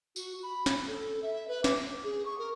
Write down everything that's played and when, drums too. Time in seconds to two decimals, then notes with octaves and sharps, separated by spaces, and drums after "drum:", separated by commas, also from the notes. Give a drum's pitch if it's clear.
0.16 F#4, drum: tambourine
0.43 B5
0.66 drum: snare
0.87 A4
1.23 E5
1.48 B4
1.64 D6, drum: snare
2.04 G#4
2.26 C#6
2.39 A#4